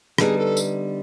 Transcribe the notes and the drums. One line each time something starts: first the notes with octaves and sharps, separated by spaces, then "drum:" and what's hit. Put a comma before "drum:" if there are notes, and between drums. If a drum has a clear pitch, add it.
D3 G3 B3 D#4 G#4, drum: rim click
A4
drum: tambourine